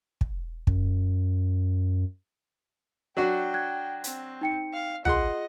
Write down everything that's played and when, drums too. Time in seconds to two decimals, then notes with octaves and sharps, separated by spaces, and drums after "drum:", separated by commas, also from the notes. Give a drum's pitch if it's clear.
0.21 drum: kick
0.67 F#2, drum: kick
3.17 F#3 D4 F#4 G5
3.54 F#6 G#6
4.04 C4, drum: hi-hat
4.41 D#4 G5 C#7
4.74 F5
5.05 F4 G#4 D#5 F#5 C6, drum: tom